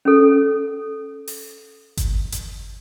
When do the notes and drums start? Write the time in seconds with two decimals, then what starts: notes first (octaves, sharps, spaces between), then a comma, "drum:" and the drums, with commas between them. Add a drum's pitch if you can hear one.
0.05 C#4 A4
1.28 drum: open hi-hat
1.97 drum: kick G1, hi-hat
2.32 drum: hi-hat